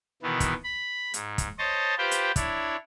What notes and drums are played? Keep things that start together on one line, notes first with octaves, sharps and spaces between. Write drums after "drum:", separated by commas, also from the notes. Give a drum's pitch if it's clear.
B2 D#3 E3 B3
drum: kick, hi-hat
B5
G#2, drum: hi-hat
drum: kick, hi-hat
C5 C#5 D#5 A5
F4 G4 B4 C5 G5
drum: hi-hat
D4 E4 C#5, drum: kick, hi-hat